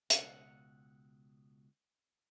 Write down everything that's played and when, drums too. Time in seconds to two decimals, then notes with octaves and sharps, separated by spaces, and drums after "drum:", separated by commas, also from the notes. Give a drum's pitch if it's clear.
0.10 C#2 B2 F#5, drum: hi-hat